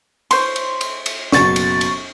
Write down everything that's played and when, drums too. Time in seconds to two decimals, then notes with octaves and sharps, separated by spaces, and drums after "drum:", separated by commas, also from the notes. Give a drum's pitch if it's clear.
0.31 C5 C#5 C6, drum: cymbal
0.56 drum: cymbal
0.81 drum: cymbal
1.06 drum: cymbal
1.32 F#1 B2 C#6 A6, drum: snare
1.56 drum: cymbal
1.81 drum: cymbal